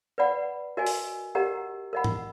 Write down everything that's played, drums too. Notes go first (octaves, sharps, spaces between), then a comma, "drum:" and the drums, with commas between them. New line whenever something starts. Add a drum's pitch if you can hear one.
B4 D5 F#5 B5
F#4 A#4 D#5 G#5
drum: open hi-hat
G4 A#4 D#5 F#5 A#5
A#4 D#5 F#5 B5
drum: tom G#2